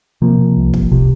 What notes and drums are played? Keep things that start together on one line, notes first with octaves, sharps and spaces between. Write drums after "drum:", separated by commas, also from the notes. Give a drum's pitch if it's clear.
C3 F3 A#3
C3
C2
C2, drum: kick
C3